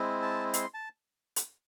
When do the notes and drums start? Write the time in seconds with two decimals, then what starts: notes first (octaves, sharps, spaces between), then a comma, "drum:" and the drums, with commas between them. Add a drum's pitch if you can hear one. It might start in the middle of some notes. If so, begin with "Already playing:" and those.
Already playing: G#3 C4 E4
0.22 A5
0.54 C6, drum: hi-hat
0.74 A5
1.36 drum: hi-hat